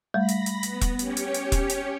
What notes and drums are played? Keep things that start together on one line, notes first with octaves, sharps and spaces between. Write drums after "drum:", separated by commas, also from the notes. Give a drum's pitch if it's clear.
G3 A3 B5 A#6
drum: hi-hat
drum: hi-hat
B3, drum: hi-hat
drum: kick E1, hi-hat
C#4 G4 C#5, drum: hi-hat
drum: hi-hat
drum: hi-hat
drum: kick E1, hi-hat
drum: hi-hat